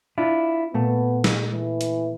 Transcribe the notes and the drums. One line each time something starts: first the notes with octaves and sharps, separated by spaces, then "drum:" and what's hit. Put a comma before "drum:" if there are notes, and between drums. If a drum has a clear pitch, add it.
D4 E4 F4
A#2 A3 B3
drum: snare
E3
drum: hi-hat